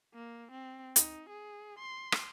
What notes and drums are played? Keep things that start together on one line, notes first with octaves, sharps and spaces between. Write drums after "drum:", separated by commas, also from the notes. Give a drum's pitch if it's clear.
A#3
C4
D#4, drum: hi-hat
G#4
C6
drum: rim click